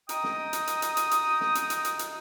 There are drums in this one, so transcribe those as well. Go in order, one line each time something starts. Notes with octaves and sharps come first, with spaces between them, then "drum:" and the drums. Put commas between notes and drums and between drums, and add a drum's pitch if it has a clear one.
D#5 G5 A#5 D#6, drum: hi-hat
drum: snare
drum: hi-hat
drum: hi-hat
drum: hi-hat
drum: hi-hat
drum: hi-hat
drum: snare
drum: hi-hat
drum: hi-hat
drum: hi-hat
drum: hi-hat